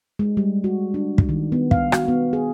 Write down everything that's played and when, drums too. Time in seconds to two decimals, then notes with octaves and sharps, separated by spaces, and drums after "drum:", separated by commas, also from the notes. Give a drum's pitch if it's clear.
0.19 G#3
0.37 G3
0.64 F#4
0.94 D4
1.18 drum: kick
1.29 D#3
1.52 B3
1.71 F5, drum: kick
1.92 F#4, drum: rim click
2.08 B3
2.33 G#4